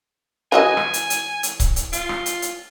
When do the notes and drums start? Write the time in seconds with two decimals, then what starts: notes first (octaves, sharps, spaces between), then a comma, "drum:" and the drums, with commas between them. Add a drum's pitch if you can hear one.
0.52 E3 F#4 D#5 G#5
0.77 drum: rim click
0.94 drum: hi-hat
1.10 drum: hi-hat
1.43 drum: hi-hat
1.60 drum: kick C#1, hi-hat
1.76 drum: hi-hat
1.93 F4, drum: hi-hat
2.09 drum: rim click
2.26 drum: hi-hat
2.42 drum: hi-hat